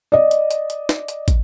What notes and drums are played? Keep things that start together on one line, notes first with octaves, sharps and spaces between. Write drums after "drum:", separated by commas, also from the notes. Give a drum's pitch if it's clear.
D5 D#5
drum: hi-hat
drum: hi-hat
drum: hi-hat
drum: snare
drum: hi-hat
drum: kick, hi-hat